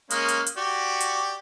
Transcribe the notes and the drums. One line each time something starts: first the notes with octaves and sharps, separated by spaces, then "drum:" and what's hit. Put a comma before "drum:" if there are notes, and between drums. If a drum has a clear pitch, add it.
G#3 A#3 C#4, drum: hi-hat
drum: hi-hat
drum: hi-hat
F#4 G4 D5
drum: hi-hat